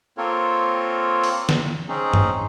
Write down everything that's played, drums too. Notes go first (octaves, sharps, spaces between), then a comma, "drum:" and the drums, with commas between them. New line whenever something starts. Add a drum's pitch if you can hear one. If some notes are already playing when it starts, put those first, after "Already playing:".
A#3 C4 F4 A4 A#4 C#5
drum: open hi-hat
drum: snare
C4 C#4 D#4 G#4
drum: tom G2